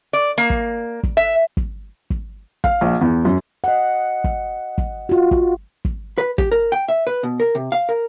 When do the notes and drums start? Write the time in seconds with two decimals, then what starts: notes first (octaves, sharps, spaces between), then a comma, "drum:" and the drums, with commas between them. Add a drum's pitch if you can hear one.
0.13 D5
0.38 A#3
0.50 drum: kick
1.03 drum: kick
1.17 E5
1.57 drum: kick
2.10 drum: kick
2.64 F5, drum: kick
2.81 A#1
3.01 E2
3.25 F#2
3.64 D#5 F#5
4.24 drum: kick
4.78 drum: kick
5.09 F4 F#4
5.31 drum: kick
5.85 drum: kick
6.18 B4
6.38 G4, drum: kick
6.52 A#4
6.72 G5
6.89 E5
7.07 B4
7.23 B2
7.40 A#4
7.55 C3
7.72 F5
7.89 A#4